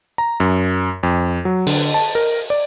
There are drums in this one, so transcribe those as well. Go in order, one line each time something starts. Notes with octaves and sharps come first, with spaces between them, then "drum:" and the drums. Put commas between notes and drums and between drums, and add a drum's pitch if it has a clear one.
A#5
F#2
F2
F#3
D3, drum: open hi-hat
A5
A#4
D5